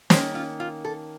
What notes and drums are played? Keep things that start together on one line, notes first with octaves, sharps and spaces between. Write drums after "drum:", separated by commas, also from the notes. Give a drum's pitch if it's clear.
D#3 A#3 C#4 C5, drum: snare
F4
F4
A4